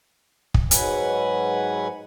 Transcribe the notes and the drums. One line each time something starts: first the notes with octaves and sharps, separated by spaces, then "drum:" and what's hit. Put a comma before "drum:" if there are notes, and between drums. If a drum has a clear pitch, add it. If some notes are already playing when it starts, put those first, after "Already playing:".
drum: kick
G#2 F#3 B4 F#5 G#5, drum: hi-hat